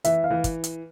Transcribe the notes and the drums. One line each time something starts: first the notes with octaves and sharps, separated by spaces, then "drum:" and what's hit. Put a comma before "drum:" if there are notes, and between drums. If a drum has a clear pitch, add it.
E3 E5, drum: hi-hat
F5
E3
drum: kick, hi-hat
drum: hi-hat